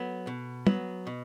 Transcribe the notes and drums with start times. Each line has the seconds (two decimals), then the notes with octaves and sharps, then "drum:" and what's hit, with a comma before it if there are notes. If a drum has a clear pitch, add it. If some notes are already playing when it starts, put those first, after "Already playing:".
Already playing: F#3 B3 A4
0.27 B2
0.67 F#3 B3, drum: tom
1.07 B2